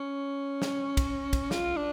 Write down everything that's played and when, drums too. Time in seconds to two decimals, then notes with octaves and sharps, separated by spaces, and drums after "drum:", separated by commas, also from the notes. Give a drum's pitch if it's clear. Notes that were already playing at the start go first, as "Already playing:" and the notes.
Already playing: C#4
0.62 drum: snare
0.97 drum: kick, cymbal
1.33 drum: kick, cymbal
1.51 F4, drum: snare
1.77 D4